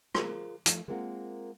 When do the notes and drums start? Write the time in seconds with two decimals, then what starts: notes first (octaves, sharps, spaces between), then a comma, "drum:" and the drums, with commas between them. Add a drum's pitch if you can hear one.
0.15 F4 G#4 A#4 C5, drum: rim click
0.66 F3 G#3 A3, drum: hi-hat
0.88 G#3 A#3 C4 F4 A#4 F#5